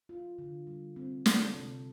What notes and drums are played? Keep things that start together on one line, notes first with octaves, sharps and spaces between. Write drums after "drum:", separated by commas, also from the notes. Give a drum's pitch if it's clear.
F4
D3
G3
C4
A4, drum: snare
C3